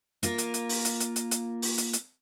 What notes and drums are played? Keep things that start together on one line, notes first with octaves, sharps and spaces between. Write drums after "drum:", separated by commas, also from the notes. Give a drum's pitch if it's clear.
A#3 F4 A#4, drum: hi-hat
drum: hi-hat
drum: hi-hat
drum: open hi-hat
drum: hi-hat
drum: hi-hat
drum: hi-hat
drum: hi-hat
drum: open hi-hat
drum: hi-hat
drum: hi-hat